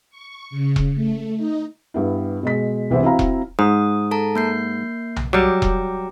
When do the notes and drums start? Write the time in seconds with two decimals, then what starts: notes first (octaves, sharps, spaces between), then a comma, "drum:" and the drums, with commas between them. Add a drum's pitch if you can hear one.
0.10 C#6
0.50 C#3
0.76 drum: kick E1
0.95 A3
1.37 D#4
1.94 G2 B3 E4
2.43 B2 G#3 B6
2.90 C2 E3 B3 E4 C5
3.03 C4 E4 F#4 F5 A#5
3.19 drum: kick E1
3.59 G#2 D#6
4.11 A4 A5 A#5
4.35 A#3 G6 C7
5.16 drum: tom B1
5.33 F#3 G3 G5 A#5 D6
5.62 drum: kick E1